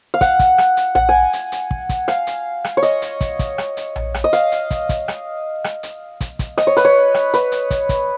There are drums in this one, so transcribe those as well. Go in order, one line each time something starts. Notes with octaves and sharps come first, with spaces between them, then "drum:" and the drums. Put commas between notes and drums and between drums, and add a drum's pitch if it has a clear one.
F5
F#5, drum: kick, hi-hat
drum: kick, hi-hat
drum: rim click
drum: hi-hat
F#5, drum: tom A#1
G#5
drum: hi-hat
drum: hi-hat
drum: kick
drum: kick, hi-hat
F5, drum: rim click
drum: hi-hat
drum: rim click
C#5
D#5, drum: hi-hat
drum: hi-hat
drum: kick, hi-hat
drum: kick, hi-hat
drum: rim click
drum: hi-hat
drum: tom A#1
drum: rim click
D#5
F5, drum: hi-hat
drum: hi-hat
drum: kick, hi-hat
drum: kick, hi-hat
drum: rim click
drum: rim click
drum: hi-hat
drum: kick, hi-hat
drum: kick, hi-hat
D#5, drum: rim click
C#5
B4, drum: hi-hat
C#5
drum: rim click
B4, drum: hi-hat
drum: hi-hat
drum: kick, hi-hat
drum: kick, hi-hat